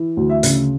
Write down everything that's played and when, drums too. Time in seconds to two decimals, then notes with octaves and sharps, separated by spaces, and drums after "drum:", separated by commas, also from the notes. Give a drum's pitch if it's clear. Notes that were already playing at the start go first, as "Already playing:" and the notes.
Already playing: E3
0.17 D2
0.29 E5
0.43 C#3, drum: hi-hat